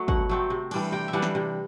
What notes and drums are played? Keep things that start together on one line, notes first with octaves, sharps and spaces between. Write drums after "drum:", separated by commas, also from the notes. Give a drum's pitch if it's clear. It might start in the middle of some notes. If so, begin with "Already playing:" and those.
Already playing: F#3 A3
B2 F#5, drum: kick
F#3 A3 C4
C3
E3 G3 D4, drum: cymbal
C3 G5
E5
E3 G3 D4 F#5
drum: snare
C3